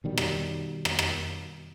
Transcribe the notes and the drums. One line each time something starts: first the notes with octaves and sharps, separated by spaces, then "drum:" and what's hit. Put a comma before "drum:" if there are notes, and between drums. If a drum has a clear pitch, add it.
B2 D#3 G3
drum: rim click
drum: rim click
drum: rim click